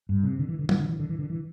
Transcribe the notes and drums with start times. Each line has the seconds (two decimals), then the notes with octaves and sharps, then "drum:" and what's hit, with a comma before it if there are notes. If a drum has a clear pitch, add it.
0.09 G2
0.23 C3
0.39 D3
0.49 E3
0.59 D3
0.69 E3, drum: tom F#3
0.79 D3
0.89 E3
0.99 D3
1.09 E3
1.19 D3
1.30 E3